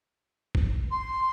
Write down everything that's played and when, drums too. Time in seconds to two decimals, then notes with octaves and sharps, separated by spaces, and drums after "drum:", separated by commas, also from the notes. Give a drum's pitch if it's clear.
0.55 drum: kick G1
0.91 C6